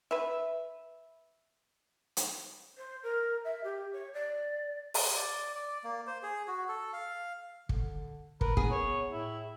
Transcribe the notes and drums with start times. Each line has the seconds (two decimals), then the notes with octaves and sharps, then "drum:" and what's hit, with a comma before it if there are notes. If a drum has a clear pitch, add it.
0.11 B4 E5
2.17 drum: hi-hat
2.78 C5
3.03 A#4
3.44 E5
3.64 G4
3.93 C#5
4.14 D5
4.94 drum: open hi-hat
5.16 D5
5.55 D5
5.84 A#3
6.07 C5
6.23 G#4
6.48 F#4
6.68 A4
6.93 F5
7.69 D3, drum: kick
8.41 A#4 B4, drum: kick
8.57 B3 G#4, drum: kick
8.71 C#5
9.11 A2 E4